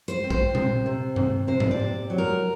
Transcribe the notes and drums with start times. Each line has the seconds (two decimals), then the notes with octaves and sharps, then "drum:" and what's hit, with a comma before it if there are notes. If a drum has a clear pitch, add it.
0.08 C5, drum: hi-hat
0.24 C4
0.30 C5, drum: kick
0.55 C3, drum: tom A#2
0.86 C3
1.16 C3, drum: tom G2
1.47 C3 C5
1.60 drum: tom G#2
1.71 D5
1.80 C3
2.10 F#3
2.18 A#4